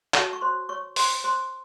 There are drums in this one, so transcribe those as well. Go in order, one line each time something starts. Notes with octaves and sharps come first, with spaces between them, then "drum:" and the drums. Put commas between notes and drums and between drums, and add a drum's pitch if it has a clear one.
F#4 A4 C#5 A5, drum: clap
C#6
C5 C6
C#5 C#6
C5 C6, drum: open hi-hat
C5 C6